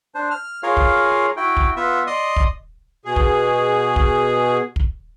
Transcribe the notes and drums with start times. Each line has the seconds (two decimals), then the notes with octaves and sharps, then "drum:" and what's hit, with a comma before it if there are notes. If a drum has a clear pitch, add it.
0.15 D4 C5
0.31 F6
0.63 F4 G#4 A#4 C#5 F5
0.77 drum: kick
1.37 E4 F#4 G5
1.57 drum: kick
1.77 B3 F4 E5
2.07 D5 D#5 C6 D#6
2.36 drum: kick
3.05 B2 G#4
3.16 drum: kick
3.96 drum: kick
4.76 drum: kick